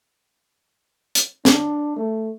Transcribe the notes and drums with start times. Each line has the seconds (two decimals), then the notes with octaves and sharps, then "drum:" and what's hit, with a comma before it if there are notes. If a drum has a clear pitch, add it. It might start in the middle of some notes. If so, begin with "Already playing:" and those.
1.15 drum: hi-hat
1.45 D4, drum: snare
1.97 A3